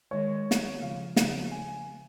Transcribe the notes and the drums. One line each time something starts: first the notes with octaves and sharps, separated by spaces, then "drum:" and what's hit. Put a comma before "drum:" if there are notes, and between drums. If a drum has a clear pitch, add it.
D#3 G#3 C#5
drum: snare
C#3 F3 F5
C#3 F3, drum: snare
G#5